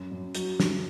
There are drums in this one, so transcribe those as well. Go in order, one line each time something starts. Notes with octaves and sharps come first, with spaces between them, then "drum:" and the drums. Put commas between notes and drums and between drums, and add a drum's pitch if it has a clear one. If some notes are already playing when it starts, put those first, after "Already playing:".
Already playing: F#2
F#2
F#3, drum: hi-hat
G2, drum: snare